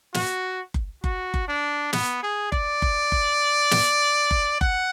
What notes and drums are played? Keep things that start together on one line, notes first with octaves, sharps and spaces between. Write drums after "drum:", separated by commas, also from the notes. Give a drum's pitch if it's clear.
F#4, drum: snare
drum: kick F#1
F#4, drum: kick F#1
drum: kick F#1
D4
B3, drum: snare
G#4
D5, drum: kick F#1
drum: kick F#1
drum: kick F#1
drum: snare
drum: kick F#1
F#5, drum: kick F#1